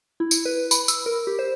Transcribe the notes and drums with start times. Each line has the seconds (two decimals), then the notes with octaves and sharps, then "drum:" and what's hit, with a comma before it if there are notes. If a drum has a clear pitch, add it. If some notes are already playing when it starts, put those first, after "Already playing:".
0.20 E4
0.31 drum: tambourine
0.45 B4
0.71 B5, drum: tambourine
0.88 E6, drum: tambourine
1.06 A#4
1.27 G4
1.39 C5